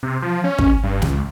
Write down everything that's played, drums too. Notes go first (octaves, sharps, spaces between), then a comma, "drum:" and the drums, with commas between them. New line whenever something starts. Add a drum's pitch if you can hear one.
C3
F3
C#4
drum: kick
G2
C#2, drum: snare